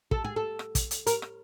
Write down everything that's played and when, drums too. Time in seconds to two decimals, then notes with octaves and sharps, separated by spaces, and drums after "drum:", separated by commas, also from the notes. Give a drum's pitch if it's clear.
0.11 A4, drum: kick
0.24 G#4
0.36 A4
0.59 drum: rim click
0.75 drum: kick, hi-hat
0.91 drum: hi-hat
1.07 A#4, drum: hi-hat
1.22 drum: rim click